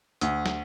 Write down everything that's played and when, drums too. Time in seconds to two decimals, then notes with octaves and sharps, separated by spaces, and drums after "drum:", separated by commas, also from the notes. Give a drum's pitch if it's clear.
0.21 D2, drum: hi-hat
0.46 drum: snare